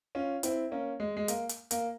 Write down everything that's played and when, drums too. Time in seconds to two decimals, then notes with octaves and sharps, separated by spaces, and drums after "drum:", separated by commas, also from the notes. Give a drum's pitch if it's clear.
0.15 C#4 F4
0.43 C4 E4, drum: hi-hat
0.71 A#3 C#4
1.00 G#3
1.17 G#3
1.28 A#3, drum: hi-hat
1.49 drum: hi-hat
1.71 A#3, drum: hi-hat